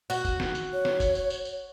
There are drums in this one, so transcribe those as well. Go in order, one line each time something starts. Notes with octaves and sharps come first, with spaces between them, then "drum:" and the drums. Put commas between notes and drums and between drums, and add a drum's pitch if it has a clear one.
F#4, drum: tambourine
drum: kick F1, tambourine
drum: snare
drum: tambourine
C#5
drum: snare
drum: kick F1, tambourine
drum: tambourine
drum: tambourine
drum: tambourine